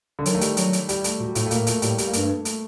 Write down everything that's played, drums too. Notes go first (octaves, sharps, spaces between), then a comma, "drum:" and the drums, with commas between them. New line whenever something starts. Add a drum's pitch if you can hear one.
D3
D#3 F#3, drum: hi-hat
A3
G3, drum: hi-hat
F#3, drum: hi-hat
drum: hi-hat
G3, drum: hi-hat
A3, drum: hi-hat
A#2 F#3
A2 A3, drum: hi-hat
A3
A#2 A#3, drum: hi-hat
A2
A#2 A3, drum: hi-hat
A2 G3, drum: hi-hat
G3, drum: hi-hat
A#3
G2 A3, drum: hi-hat
A3
A3, drum: hi-hat